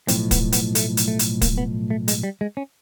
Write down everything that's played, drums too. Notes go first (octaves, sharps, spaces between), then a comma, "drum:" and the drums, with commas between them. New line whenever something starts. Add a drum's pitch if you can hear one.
B1 A2 F3 C4, drum: hi-hat
B3, drum: kick, hi-hat
B3, drum: hi-hat
A3, drum: hi-hat
drum: hi-hat
A3
drum: hi-hat
A#3, drum: kick, hi-hat
B3
A3
G#3, drum: hi-hat
G3
G#3
C#4